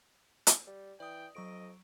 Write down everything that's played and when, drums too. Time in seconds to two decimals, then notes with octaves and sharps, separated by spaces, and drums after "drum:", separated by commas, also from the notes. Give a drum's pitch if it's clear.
0.47 drum: hi-hat
0.67 G3
1.00 E3 D5 G5 D#6
1.35 F2 F#3 D#5 C#6 D7